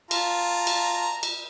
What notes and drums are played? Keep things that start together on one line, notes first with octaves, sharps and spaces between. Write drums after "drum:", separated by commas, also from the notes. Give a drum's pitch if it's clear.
F4 A5 A#5, drum: cymbal
drum: cymbal
drum: cymbal